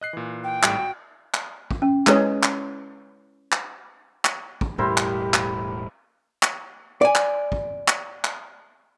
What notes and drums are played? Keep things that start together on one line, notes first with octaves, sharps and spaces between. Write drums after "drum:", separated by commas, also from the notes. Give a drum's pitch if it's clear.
D#5 F#6 C7
A#2 E3
G5
G#1 A2 G3, drum: clap
F#4
drum: clap
drum: kick
C#4
G#3 C#4 E4 G#4 B4 C#5, drum: clap
drum: clap
drum: clap
drum: clap
drum: kick
E1 A2 G3 E4 G4 A#4 C5
drum: clap
drum: clap
drum: clap
D5 G#5
drum: clap
drum: kick
drum: clap
drum: clap